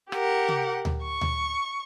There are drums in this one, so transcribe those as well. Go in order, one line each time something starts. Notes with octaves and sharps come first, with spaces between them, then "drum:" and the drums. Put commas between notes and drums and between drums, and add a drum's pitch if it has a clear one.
G4 A#4 F#5, drum: rim click
drum: tom C3
drum: tom D2
C#6
drum: tom D2